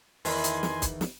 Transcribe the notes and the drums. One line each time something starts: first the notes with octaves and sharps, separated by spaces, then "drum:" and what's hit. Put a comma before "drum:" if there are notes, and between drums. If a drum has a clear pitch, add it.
E2 D#3 E3 A#4 D#5 G#5 B5 C6, drum: open hi-hat
drum: hi-hat
drum: snare
drum: kick, hi-hat
drum: snare